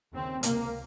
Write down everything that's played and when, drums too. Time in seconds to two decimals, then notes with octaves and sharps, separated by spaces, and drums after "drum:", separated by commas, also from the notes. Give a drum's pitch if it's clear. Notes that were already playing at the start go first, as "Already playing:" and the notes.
0.13 D#2 C#3 C4
0.43 C#2 C3 A#3, drum: hi-hat